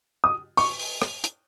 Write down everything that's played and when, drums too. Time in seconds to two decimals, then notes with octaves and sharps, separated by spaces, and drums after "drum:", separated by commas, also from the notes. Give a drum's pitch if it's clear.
0.24 D#6
0.57 C#6, drum: open hi-hat
0.79 drum: open hi-hat
1.02 drum: rim click
1.24 drum: hi-hat